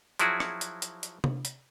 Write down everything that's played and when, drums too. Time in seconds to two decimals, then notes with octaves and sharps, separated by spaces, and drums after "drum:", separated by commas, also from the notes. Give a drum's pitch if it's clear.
0.19 F3 F#3 E4 F#4 G#4, drum: hi-hat
0.40 drum: rim click
0.61 drum: hi-hat
0.82 drum: hi-hat
1.03 drum: hi-hat
1.24 drum: tom C3
1.45 drum: hi-hat